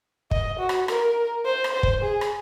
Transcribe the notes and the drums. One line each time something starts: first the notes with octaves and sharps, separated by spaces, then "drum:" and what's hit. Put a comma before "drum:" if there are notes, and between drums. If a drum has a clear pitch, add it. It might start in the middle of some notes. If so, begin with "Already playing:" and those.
D#5, drum: kick
F#4
drum: rim click
A#4, drum: rim click
C5
drum: rim click
C5
drum: kick
G#4
drum: rim click